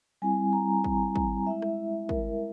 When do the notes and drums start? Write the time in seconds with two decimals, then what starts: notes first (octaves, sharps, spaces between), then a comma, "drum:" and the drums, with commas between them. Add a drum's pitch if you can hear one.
0.22 G3 C4 E4 G#5
0.53 A#5
0.84 drum: kick
1.16 drum: kick
1.46 G#3 E4 E5
1.62 drum: rim click
2.09 A#4, drum: kick